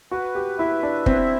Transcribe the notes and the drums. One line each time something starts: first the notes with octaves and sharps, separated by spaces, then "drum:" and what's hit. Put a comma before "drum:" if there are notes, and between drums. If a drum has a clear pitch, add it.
F#4 B4
G4
E4 E5
D4
C4 E4, drum: kick